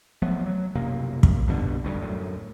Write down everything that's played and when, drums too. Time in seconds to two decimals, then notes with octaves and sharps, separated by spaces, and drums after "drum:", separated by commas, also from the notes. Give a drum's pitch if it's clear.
0.22 F3 F#3 A3 B3
0.46 F#3
0.75 B1 F#2 C3 A#3
1.23 drum: kick
1.48 B1 G2 B2 D3
1.83 F1 D2 G2 G3
2.01 F#2 A2